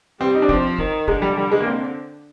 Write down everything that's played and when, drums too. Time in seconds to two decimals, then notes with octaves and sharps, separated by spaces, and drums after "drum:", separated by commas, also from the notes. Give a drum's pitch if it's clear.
0.20 G3 C4
0.34 D#4
0.42 D4
0.49 F3 C4, drum: kick
0.79 D#3, drum: kick
1.08 D3 G#3, drum: kick
1.22 G3
1.37 G3
1.52 G#3
1.60 A#3
1.66 C4